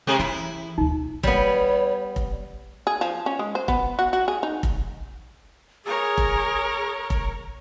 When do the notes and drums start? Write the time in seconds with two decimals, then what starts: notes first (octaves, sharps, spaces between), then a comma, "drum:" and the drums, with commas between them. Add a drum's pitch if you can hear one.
0.07 C3 G#3 A3
0.19 E3 E4
0.78 D2 B2 D#4
1.23 G3 B3 C#5, drum: kick F1
2.16 drum: kick F1
2.87 G#4
3.01 F3
3.26 C#4
3.39 G#3
3.55 C5
3.68 B3, drum: kick F1
3.99 F#4
4.13 F#4
4.28 G#4
4.43 D#4
4.63 drum: kick F1
5.86 G#4 A#4 C#5
6.18 drum: kick F1
7.10 drum: kick F1